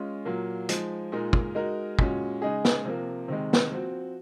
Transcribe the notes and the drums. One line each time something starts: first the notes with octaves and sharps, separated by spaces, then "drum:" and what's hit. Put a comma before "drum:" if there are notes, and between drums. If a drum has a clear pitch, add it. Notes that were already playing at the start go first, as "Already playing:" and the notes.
Already playing: G#3 C#4 F4
A#2 F#3 A#3
F3 G#3 D#4, drum: hi-hat
A#2 G#3 D#4 A#4
drum: kick
G#3 D#4 F#4 A#4
A#2 G#3 C#4 F#4, drum: kick
C#3 G#3 D#4 G#4
drum: snare
C3 F3 A#3
C3 D#3 G#3
drum: snare
F3 C4 F#4